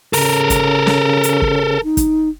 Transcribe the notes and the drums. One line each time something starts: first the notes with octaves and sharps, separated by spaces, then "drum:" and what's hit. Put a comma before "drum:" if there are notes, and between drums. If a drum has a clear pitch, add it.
C#3 A4 A#4, drum: open hi-hat
drum: kick, hi-hat
drum: snare
drum: hi-hat
drum: kick
D#4
drum: kick, hi-hat